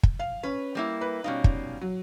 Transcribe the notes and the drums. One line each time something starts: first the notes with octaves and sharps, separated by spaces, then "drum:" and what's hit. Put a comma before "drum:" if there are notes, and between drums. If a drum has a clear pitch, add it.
drum: kick
F5
C#4 B4
G3 A#3 E4
B4
B2 G3 C#4 D#4 F5
drum: kick
F#3